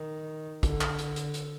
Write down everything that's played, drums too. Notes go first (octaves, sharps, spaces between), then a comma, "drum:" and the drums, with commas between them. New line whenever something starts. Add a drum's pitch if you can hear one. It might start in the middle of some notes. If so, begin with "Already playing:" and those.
Already playing: D#3
D3, drum: kick, hi-hat
drum: clap
drum: hi-hat
drum: hi-hat
drum: hi-hat